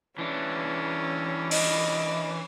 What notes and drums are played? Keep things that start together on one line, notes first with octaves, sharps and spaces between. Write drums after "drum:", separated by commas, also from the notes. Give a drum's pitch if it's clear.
E3 C#4 D4
D#5, drum: open hi-hat